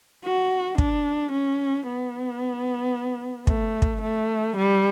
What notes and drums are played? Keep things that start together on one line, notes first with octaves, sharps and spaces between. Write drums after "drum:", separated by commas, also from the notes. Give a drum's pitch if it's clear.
F#4
D4, drum: kick
C#4
B3
A3, drum: kick
drum: kick
A3
G3